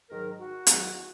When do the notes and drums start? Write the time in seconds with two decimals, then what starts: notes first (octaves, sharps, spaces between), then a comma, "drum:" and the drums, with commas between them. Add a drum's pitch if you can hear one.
0.09 G#2 D#3 F#3 A#4
0.37 F#4
0.67 E2 D#3 F#3, drum: hi-hat